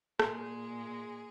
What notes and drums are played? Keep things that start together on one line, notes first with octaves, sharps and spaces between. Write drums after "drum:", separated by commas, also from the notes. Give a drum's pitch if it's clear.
A#2 G#3 G#4, drum: rim click